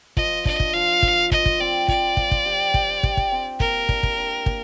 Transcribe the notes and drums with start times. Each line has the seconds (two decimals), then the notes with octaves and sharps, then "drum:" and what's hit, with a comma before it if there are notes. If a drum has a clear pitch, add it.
0.17 F3 D#5, drum: kick
0.45 D4 D#5, drum: kick
0.60 drum: kick
0.74 F3 F5
1.02 F3, drum: kick
1.31 F3 D#5, drum: kick
1.46 drum: kick
1.60 C4 D5
1.88 F3 D5, drum: kick
2.17 F3, drum: kick
2.31 drum: kick
2.46 G4
2.74 G4, drum: kick
3.03 G4, drum: kick
3.17 drum: kick
3.32 C4
3.60 A#3 A#4, drum: kick
3.89 D4, drum: kick
4.03 drum: kick
4.17 D4
4.46 A#3, drum: kick